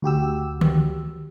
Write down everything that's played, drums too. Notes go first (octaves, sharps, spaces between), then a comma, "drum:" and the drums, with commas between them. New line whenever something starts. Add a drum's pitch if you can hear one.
D2 F#4 G4 E6
drum: tom D3